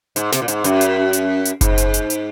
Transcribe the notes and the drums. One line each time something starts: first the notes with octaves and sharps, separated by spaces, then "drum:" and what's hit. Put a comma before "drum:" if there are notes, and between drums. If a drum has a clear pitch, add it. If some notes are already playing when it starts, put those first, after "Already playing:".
G#2, drum: hi-hat
C3, drum: snare
A#2
G#2, drum: hi-hat
F#2, drum: hi-hat
drum: hi-hat
drum: hi-hat
drum: hi-hat
G#2, drum: kick F#1, hi-hat
drum: hi-hat
drum: hi-hat
drum: hi-hat